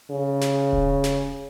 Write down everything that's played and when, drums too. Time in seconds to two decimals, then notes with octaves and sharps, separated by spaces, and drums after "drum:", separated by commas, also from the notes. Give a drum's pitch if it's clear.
0.10 C#3
0.41 drum: snare
0.73 drum: kick D#1
1.04 drum: snare